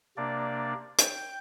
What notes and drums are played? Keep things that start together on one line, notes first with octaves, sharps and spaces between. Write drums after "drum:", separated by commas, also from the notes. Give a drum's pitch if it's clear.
C3 A#3 D4 D5
G5, drum: hi-hat